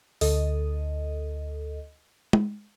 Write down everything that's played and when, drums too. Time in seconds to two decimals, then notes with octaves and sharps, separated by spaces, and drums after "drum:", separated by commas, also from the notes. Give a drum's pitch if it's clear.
0.21 D2 A4 D#5, drum: open hi-hat
2.33 drum: tom